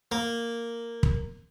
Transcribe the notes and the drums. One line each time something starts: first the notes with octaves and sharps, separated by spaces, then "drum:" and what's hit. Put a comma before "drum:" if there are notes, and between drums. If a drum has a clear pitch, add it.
A#3
drum: kick